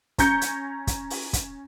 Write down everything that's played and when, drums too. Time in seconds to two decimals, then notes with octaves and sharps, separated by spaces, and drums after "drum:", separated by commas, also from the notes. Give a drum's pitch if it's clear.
0.18 C#4 A#5 G6 C#7, drum: kick, hi-hat
0.41 drum: hi-hat
0.87 drum: kick, hi-hat
1.10 drum: open hi-hat
1.33 drum: kick, hi-hat